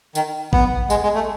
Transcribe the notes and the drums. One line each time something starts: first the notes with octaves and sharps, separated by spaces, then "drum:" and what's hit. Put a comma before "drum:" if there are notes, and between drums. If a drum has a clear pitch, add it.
D#3, drum: tambourine
B3, drum: kick A1
G#3, drum: tambourine
G#3
A3